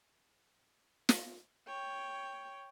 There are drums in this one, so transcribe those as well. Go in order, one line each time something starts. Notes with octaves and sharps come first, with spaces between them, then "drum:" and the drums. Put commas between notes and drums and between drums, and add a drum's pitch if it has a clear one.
drum: snare
C#5 G5